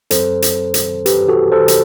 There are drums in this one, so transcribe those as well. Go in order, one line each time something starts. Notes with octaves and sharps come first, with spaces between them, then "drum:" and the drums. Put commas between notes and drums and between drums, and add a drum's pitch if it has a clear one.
F#2 F#3 C4 A4 C5, drum: hi-hat
drum: hi-hat
drum: hi-hat
G4 B4, drum: hi-hat
F#4 A4
A4 C5
drum: hi-hat